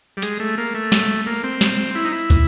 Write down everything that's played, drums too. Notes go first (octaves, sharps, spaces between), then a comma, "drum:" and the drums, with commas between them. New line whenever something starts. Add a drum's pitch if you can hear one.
G3
G#3, drum: hi-hat
A3
A#3
A3
drum: snare
A#3
C4
drum: snare
E4
D#4
E4
drum: kick, hi-hat